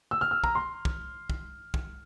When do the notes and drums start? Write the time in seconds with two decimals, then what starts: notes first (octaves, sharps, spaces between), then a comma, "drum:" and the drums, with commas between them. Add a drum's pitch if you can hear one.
0.11 E6
0.21 F6
0.31 E6
0.44 A#5, drum: kick
0.55 C6
0.85 drum: kick
1.30 drum: kick
1.74 drum: kick